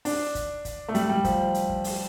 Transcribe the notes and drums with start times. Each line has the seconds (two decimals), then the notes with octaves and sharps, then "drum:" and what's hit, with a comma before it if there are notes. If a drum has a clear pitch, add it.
0.05 D4, drum: open hi-hat
0.35 drum: kick, hi-hat
0.65 drum: kick, hi-hat
0.88 A3
0.95 G3, drum: hi-hat
1.09 G3
1.24 F3, drum: kick, hi-hat
1.54 drum: hi-hat
1.69 drum: kick
1.84 drum: open hi-hat